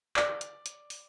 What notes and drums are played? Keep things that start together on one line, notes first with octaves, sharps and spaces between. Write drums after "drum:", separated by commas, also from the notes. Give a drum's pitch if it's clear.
D5, drum: clap
drum: hi-hat
drum: hi-hat
drum: open hi-hat